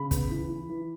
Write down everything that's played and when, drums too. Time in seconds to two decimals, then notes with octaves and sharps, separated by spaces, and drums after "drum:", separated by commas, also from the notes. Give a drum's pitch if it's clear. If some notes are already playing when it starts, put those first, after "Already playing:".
Already playing: C#3 B5
0.11 B3, drum: kick, hi-hat
0.31 E3
0.49 E3
0.69 E3